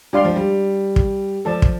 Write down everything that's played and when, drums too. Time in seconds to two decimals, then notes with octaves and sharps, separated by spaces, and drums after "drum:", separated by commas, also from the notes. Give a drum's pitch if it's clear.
0.13 G3 D4 G4 D5 F5 C6
0.24 F3
0.36 G3
0.96 drum: kick
1.45 F3 A4 D5 A5
1.62 drum: kick